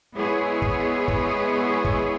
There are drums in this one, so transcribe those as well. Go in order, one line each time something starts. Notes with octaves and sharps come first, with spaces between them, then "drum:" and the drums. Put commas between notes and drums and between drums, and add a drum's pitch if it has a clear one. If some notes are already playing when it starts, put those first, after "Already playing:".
G#3 B3 E4 G#4 C#5
drum: kick
drum: kick
drum: kick